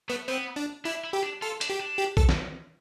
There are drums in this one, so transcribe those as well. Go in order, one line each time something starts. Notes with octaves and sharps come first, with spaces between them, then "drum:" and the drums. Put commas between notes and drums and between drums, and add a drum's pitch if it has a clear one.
A3 B3
B3 C4
D4
D4 E4
E4
G4
D4
F4 A4
D4, drum: hi-hat
G4
D4
G4
A4, drum: kick A#1
drum: snare